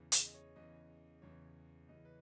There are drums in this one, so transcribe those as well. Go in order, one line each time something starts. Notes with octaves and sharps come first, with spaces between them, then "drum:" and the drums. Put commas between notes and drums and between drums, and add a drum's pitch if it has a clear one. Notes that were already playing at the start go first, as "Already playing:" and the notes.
Already playing: E2 C#3 E3
G#4, drum: hi-hat
D#5
C#5
E2 C#3 E3 D#5
E2 C#3 E3 C#5
E2 C#3 E3 D#5
B4